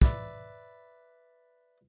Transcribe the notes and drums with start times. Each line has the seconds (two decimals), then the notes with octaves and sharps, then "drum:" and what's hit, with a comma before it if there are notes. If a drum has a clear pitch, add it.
0.02 B4 D5 E5, drum: kick